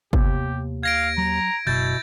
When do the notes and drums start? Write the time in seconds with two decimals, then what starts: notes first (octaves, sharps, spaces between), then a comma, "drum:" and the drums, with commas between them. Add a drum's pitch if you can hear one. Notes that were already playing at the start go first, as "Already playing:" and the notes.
0.13 D#2 C3 B3 G4, drum: kick G1
0.83 F5 G#6 A#6 D7
1.18 F#3 A#5
1.67 F#1 B2 E4 G6 A6